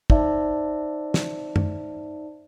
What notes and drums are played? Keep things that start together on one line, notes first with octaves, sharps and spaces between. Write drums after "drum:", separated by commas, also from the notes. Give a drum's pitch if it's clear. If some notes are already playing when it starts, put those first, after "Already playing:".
D#4 C5 D5 E5 A5, drum: kick
drum: snare
drum: tom F#2